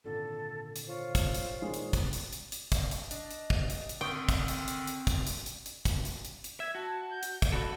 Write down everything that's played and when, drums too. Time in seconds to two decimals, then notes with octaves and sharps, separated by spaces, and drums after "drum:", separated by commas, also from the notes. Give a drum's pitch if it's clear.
0.04 G#1 A#2 D3 A4
0.76 drum: hi-hat
0.87 F4 C5 C#5 C#6
1.15 drum: kick, hi-hat
1.34 drum: hi-hat
1.62 A#2 D#3 G#3
1.74 drum: hi-hat
1.93 drum: kick, hi-hat
2.13 drum: hi-hat
2.33 drum: hi-hat
2.52 drum: hi-hat
2.72 drum: kick, hi-hat
2.91 drum: hi-hat
3.11 D4 D#5, drum: hi-hat
3.31 drum: hi-hat
3.50 drum: kick
3.70 drum: hi-hat
3.89 drum: hi-hat
4.01 D3 D#3 C4 G5 C6 C#6 D#6
4.29 drum: kick, hi-hat
4.48 drum: hi-hat
4.68 drum: hi-hat
4.87 drum: hi-hat
5.07 drum: kick, hi-hat
5.27 drum: hi-hat
5.46 drum: hi-hat
5.66 drum: hi-hat
5.85 drum: kick, hi-hat
6.05 drum: hi-hat
6.25 drum: hi-hat
6.44 drum: hi-hat
6.60 E5 G#6
6.75 F#4 A5
7.10 G6
7.23 drum: hi-hat
7.42 drum: kick, hi-hat
7.52 F#4 A4 B5